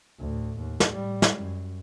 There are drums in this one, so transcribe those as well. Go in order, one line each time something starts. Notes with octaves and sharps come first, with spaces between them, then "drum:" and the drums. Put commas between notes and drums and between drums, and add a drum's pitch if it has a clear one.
D2 A2
D#2
drum: snare
A2 G3
drum: snare
F#2